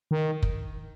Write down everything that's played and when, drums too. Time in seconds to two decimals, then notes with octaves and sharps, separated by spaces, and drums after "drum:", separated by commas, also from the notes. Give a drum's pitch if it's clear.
0.11 D#3
0.43 drum: kick